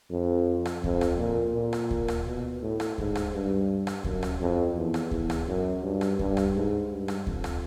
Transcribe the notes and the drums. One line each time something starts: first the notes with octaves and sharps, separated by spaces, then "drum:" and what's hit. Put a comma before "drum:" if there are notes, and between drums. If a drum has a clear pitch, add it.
F2
drum: rim click
F2, drum: kick D2
drum: rim click
A#2
A#2
drum: rim click
drum: kick D2
drum: rim click
B2
A2
drum: rim click
G#2, drum: kick D2
drum: rim click
G2
drum: rim click
F#2, drum: kick D2
drum: rim click
F2
E2
drum: rim click
E2, drum: kick D2
drum: rim click
F#2
G2
drum: rim click
G2, drum: kick D2
drum: rim click
G#2
G2
drum: rim click
F2, drum: kick D2
drum: rim click